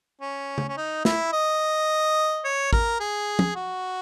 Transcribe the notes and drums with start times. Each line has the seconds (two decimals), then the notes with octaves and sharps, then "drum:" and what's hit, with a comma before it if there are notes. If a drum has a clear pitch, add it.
0.21 C#4
0.58 drum: tom C#3
0.68 C#4
0.77 D#4
1.05 E4, drum: snare
1.33 D#5
2.44 C#5
2.73 A#4, drum: kick
3.00 G#4
3.39 drum: tom F3
3.56 F#4